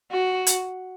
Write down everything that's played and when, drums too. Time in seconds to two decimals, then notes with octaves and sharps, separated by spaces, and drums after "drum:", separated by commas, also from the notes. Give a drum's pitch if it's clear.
0.11 F#4
0.47 drum: hi-hat